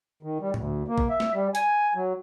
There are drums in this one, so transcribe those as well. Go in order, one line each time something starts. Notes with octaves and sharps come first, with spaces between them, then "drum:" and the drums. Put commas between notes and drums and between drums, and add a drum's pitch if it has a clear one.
D#3
G3
D2, drum: tom A2
A#3
drum: kick
E5
drum: snare
G3
G#5, drum: hi-hat
F#3